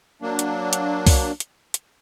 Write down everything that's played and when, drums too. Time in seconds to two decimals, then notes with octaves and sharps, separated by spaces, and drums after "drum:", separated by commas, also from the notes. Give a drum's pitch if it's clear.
0.22 F#3 A#3 D4
0.39 drum: hi-hat
0.73 drum: hi-hat
1.07 drum: kick C2, open hi-hat
1.40 drum: hi-hat
1.74 drum: hi-hat